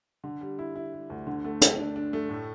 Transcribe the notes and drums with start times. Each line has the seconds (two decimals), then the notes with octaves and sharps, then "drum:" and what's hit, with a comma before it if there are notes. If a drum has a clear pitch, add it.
0.24 D3
0.41 G3
0.59 E4
0.76 E4
0.93 G3
1.10 D2
1.27 D3
1.45 A3
1.61 A3, drum: hi-hat
1.78 D4
1.96 D4
2.13 A3
2.29 A2